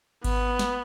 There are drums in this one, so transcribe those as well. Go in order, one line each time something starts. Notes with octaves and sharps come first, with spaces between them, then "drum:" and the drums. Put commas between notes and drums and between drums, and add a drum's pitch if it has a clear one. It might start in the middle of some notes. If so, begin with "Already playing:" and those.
B3, drum: kick G#1, cymbal
drum: snare